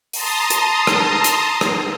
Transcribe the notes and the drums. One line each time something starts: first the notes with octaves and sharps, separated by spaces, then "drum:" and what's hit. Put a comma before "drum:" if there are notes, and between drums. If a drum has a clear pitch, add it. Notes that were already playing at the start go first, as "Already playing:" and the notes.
A5 A#5 C6 D#6, drum: open hi-hat
drum: hi-hat
drum: rim click
drum: hi-hat
drum: rim click